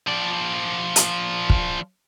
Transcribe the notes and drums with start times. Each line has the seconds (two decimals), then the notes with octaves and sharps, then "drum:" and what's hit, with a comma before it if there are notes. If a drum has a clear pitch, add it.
0.08 F3 D5
0.96 drum: hi-hat
1.50 drum: kick